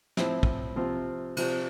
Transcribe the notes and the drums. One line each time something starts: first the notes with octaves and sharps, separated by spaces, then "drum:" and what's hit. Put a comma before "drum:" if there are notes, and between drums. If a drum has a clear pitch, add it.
A2 F3 C4 E4, drum: snare
drum: kick
C3 F3 C4 F4
C3 F3 C4 F4, drum: cymbal